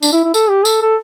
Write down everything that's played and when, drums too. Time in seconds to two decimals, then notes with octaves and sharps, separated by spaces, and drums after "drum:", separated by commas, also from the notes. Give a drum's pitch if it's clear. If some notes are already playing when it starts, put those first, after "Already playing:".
0.02 D4, drum: tambourine
0.13 E4
0.24 E4
0.34 A4, drum: tambourine
0.49 G4
0.65 A4, drum: tambourine
0.82 A4